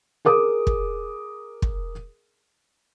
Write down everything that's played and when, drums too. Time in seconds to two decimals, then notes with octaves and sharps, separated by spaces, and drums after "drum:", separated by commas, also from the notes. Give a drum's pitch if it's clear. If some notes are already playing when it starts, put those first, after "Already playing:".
0.25 G#4 A#4 D6 D#6
0.67 drum: kick
1.62 drum: kick